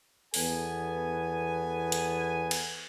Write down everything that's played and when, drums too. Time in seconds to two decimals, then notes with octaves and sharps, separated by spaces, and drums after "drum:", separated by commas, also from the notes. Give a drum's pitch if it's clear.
0.34 E2 B3 A4 G#5, drum: open hi-hat
1.92 drum: hi-hat
2.51 drum: cymbal